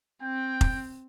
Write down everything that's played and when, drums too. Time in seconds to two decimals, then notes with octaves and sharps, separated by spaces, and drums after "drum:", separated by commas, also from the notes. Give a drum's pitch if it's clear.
0.22 C4 G5
0.61 drum: kick F1